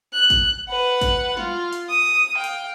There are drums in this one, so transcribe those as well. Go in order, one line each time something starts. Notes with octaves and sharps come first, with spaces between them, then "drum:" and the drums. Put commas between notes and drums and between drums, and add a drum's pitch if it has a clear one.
F#6
drum: kick G#1, hi-hat
B4 F#5
drum: kick G#1, hi-hat
F4, drum: snare
drum: hi-hat
D#6
F5 G5
drum: hi-hat